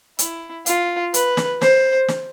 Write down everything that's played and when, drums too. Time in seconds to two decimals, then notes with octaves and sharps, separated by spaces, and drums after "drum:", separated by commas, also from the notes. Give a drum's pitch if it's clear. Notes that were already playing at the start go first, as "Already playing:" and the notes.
0.19 E4, drum: hi-hat
0.66 F4, drum: hi-hat
1.14 B4, drum: hi-hat
1.37 drum: snare
1.62 C5, drum: snare
2.09 drum: snare